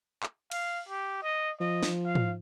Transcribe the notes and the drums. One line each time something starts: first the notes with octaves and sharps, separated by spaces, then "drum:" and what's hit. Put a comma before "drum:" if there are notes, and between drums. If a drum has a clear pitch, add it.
drum: clap
F5, drum: cymbal
G4
D#5
F3 D#5
drum: snare
F5
drum: tom